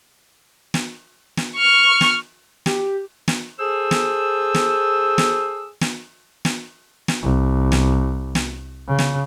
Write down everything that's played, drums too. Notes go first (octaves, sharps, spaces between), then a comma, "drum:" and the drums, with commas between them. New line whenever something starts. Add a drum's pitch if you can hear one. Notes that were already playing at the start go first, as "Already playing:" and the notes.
drum: snare
drum: snare
C#6 F6
drum: snare
G4, drum: snare
drum: snare
G#4 A4 C5 E6
drum: snare
drum: snare
drum: snare
drum: snare
drum: snare
drum: snare
C2
drum: snare
drum: snare
C#3
drum: snare